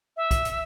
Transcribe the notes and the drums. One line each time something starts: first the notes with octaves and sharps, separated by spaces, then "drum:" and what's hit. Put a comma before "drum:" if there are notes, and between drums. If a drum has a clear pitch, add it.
E5
drum: kick B1, hi-hat
drum: hi-hat